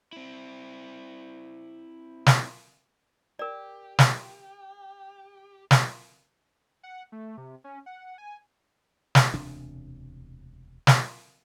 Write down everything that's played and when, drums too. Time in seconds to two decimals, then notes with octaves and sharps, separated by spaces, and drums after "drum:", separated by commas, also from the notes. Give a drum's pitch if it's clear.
0.13 C4 E4
2.26 drum: snare
3.39 G4 A#4 D5
3.99 drum: snare
5.71 drum: snare
6.83 F#5
7.12 A3
7.37 C3
7.64 C#4
7.86 F#5
8.18 G#5
9.15 drum: snare
9.34 E1 D2 C3 D4
10.87 drum: snare